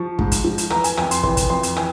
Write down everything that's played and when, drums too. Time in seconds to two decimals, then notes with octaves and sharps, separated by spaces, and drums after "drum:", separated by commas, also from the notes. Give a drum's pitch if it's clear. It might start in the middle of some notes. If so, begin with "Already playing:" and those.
Already playing: F3 C#6
0.19 G#2, drum: kick
0.32 drum: kick, hi-hat
0.45 F3
0.58 drum: hi-hat
0.70 E3 A#5, drum: rim click
0.84 G#5, drum: hi-hat
0.97 F2 G#5, drum: rim click
1.11 C6, drum: hi-hat
1.23 E3 C6, drum: kick
1.37 drum: kick, hi-hat
1.50 F2 C6
1.63 drum: hi-hat
1.77 E3 G#5, drum: rim click